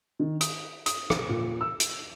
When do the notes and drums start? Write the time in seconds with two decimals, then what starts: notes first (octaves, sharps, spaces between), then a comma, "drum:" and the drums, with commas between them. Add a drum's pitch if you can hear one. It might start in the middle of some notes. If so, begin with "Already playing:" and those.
0.20 D#3
0.41 D#6, drum: hi-hat
0.86 D#6, drum: hi-hat
1.10 drum: rim click
1.29 A#2
1.61 E6
1.80 drum: hi-hat